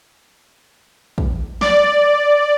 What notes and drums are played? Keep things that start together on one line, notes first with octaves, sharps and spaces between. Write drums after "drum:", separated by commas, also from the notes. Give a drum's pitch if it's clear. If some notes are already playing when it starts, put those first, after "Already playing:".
drum: kick
D5, drum: snare